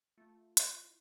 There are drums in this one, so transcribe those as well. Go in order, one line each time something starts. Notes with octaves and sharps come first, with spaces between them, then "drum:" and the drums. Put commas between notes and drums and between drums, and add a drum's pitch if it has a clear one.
A3 F4
drum: hi-hat
E4